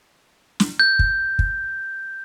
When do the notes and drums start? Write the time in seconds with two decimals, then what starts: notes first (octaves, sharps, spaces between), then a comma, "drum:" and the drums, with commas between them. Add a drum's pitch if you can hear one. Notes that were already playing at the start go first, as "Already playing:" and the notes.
0.60 drum: snare
0.79 G6
0.99 drum: kick
1.39 drum: kick